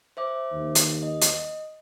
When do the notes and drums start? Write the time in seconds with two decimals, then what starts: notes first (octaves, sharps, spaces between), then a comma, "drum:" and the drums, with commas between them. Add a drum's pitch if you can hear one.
0.17 C5 E5 D6
0.52 D#2
0.75 drum: hi-hat
1.02 D#5
1.21 drum: hi-hat